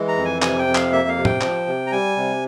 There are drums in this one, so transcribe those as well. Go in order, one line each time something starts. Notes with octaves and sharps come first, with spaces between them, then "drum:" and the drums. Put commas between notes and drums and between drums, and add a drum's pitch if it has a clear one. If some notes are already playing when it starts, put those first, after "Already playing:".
Already playing: E3 G#3
A#5
F2
G#5
C3 G#5, drum: clap
G5
F2
F5, drum: clap
A#3 E5
F5
C3
G5, drum: tom
F3, drum: clap
C3
A#5
G3 G#5
C3